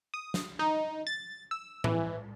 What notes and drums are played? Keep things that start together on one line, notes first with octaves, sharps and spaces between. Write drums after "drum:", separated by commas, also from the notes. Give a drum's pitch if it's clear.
D#6
drum: snare
D#4
A6
E6
E3, drum: tom A2